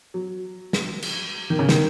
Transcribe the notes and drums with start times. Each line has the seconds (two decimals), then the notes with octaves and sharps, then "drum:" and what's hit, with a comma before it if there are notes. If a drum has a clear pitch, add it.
0.14 F#3
0.73 drum: snare
1.02 drum: cymbal
1.50 D#3
1.59 C#3
1.69 D#3, drum: snare